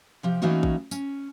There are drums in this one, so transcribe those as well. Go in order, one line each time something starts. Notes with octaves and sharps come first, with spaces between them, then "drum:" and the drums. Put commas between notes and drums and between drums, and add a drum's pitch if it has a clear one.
C3 F3 G4
E3 A3 A#3 C#4 D#4 F#4
drum: kick A#1
C#4, drum: tambourine